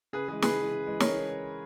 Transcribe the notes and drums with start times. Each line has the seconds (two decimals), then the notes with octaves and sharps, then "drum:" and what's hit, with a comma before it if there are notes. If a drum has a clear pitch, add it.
0.13 C#3 G#4 B4
0.28 E3 G#3 G#4
0.42 C#3 G#4 B4, drum: snare
0.57 E3 G#3
0.71 C#3
0.87 E3 G#3
1.00 C#3 A#4 C#5, drum: snare